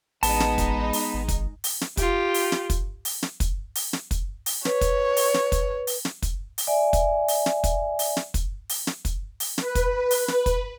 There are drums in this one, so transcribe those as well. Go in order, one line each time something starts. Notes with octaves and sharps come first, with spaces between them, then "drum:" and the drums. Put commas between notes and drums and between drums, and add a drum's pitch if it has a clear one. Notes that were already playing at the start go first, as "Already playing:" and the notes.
A1 G#3 B3 D#4 A5, drum: open hi-hat
drum: snare
drum: kick, hi-hat
drum: open hi-hat
G#1
drum: kick, hi-hat
drum: open hi-hat
drum: snare
F4 G4, drum: kick, hi-hat
drum: open hi-hat
drum: snare
drum: kick, hi-hat
drum: open hi-hat
drum: snare
drum: kick, hi-hat
drum: open hi-hat
drum: snare
drum: kick, hi-hat
drum: open hi-hat
B4 C#5, drum: snare
drum: kick, hi-hat
drum: open hi-hat
drum: snare
drum: kick, hi-hat
drum: open hi-hat
drum: snare
drum: kick, hi-hat
drum: open hi-hat
D5 E5 G#5
drum: kick, hi-hat
drum: open hi-hat
drum: snare
drum: kick, hi-hat
drum: open hi-hat
drum: snare
drum: kick, hi-hat
drum: open hi-hat
drum: snare
drum: kick, hi-hat
drum: open hi-hat
B4, drum: snare
drum: kick, hi-hat
drum: open hi-hat
drum: snare
drum: kick, hi-hat